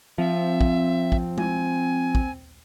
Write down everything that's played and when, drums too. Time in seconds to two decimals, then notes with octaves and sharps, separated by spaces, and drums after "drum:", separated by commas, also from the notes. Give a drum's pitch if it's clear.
0.18 F3 C4 E5
0.61 drum: kick
1.12 drum: kick
1.38 G#5, drum: tom G#3
2.15 drum: kick